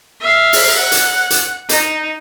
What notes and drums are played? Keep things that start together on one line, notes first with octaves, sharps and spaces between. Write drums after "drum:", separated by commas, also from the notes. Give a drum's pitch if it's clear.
E5 F5
drum: open hi-hat
F#5
drum: hi-hat
drum: hi-hat
D#4, drum: hi-hat